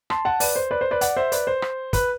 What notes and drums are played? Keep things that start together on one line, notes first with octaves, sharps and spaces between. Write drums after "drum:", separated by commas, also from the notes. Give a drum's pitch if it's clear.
A5 C6, drum: rim click
F#5 A5
B4 D5, drum: open hi-hat
C5
B4 D5
C5
B4 D5
D5 F#5, drum: hi-hat
C5 E5
B4 D5, drum: hi-hat
C5
drum: rim click
B4, drum: kick, hi-hat